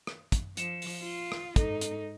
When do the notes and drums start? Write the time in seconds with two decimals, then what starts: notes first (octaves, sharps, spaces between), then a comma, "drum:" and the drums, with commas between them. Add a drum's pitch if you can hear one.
0.07 drum: rim click
0.32 drum: kick, hi-hat
0.57 F3 C#7 E7, drum: hi-hat
0.82 drum: open hi-hat
1.03 F4
1.32 drum: rim click
1.56 G#2 D#4 A4, drum: kick, hi-hat
1.81 drum: hi-hat